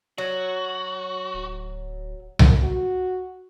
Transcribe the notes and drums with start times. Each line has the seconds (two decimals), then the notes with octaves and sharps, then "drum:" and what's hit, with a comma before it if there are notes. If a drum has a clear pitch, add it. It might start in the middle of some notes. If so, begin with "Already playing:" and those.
0.18 F#3 F#4
1.34 D1
2.39 drum: tom C2
2.63 F#4